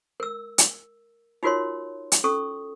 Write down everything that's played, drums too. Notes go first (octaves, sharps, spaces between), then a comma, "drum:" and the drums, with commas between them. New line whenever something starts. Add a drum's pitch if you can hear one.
A#4 E6
drum: hi-hat
D#4 F4 F#4 A#4 C#5 C6
drum: hi-hat
C#4 A4 C#6 D#6